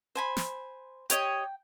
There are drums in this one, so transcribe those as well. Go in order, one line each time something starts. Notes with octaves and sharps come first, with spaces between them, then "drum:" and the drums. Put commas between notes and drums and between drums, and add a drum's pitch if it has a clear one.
C5 G#5 B5
drum: snare
G4 C#5 D#5 G5, drum: hi-hat